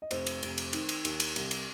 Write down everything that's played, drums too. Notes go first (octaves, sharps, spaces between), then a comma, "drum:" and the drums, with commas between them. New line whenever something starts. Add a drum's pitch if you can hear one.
D#5
F1 C5, drum: cymbal
drum: cymbal
F1, drum: cymbal
drum: cymbal
D#3, drum: cymbal
drum: cymbal
D#2, drum: cymbal
drum: cymbal
C2, drum: cymbal
drum: cymbal